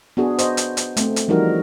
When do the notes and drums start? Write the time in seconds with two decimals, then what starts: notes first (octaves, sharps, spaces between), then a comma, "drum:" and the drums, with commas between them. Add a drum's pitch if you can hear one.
0.17 B3 D4 F#4 G#4
0.39 C5 D#5, drum: hi-hat
0.57 drum: hi-hat
0.77 drum: hi-hat
0.97 A3 C4, drum: hi-hat
1.16 drum: hi-hat
1.28 E3 F3 G3 D#4 F#4 A#4